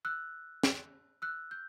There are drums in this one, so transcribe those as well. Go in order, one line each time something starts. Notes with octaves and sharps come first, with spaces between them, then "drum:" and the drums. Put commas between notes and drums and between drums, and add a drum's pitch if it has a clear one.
E6 F#6
drum: snare
E6 F#6
G6